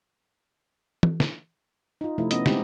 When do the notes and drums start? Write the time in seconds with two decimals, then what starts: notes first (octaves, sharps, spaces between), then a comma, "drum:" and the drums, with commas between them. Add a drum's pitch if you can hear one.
1.03 drum: tom
1.20 drum: snare
2.01 D#4 F4
2.18 C3 F3 A3 E4
2.31 B3 C#4 D#5, drum: hi-hat
2.46 G#3 C4 D#4 G4, drum: snare